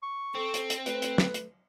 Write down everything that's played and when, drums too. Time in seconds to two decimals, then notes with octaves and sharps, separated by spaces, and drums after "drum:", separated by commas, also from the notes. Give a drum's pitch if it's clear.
0.03 C#6
0.35 C4 A4
0.54 drum: hi-hat
0.70 drum: hi-hat
0.86 A3 B4, drum: hi-hat
1.02 drum: hi-hat
1.18 drum: snare
1.34 drum: hi-hat